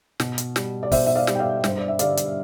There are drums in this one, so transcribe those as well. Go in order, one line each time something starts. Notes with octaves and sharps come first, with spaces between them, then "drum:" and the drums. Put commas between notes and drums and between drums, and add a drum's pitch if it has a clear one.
B2, drum: snare
drum: hi-hat
G3, drum: snare
D5
B2 C5 E5, drum: kick, open hi-hat
E5
D5 F5
G3, drum: snare
G5
D5 F5
G2 C5, drum: snare
D5
E5
D3 G3 D5 F5, drum: hi-hat
drum: hi-hat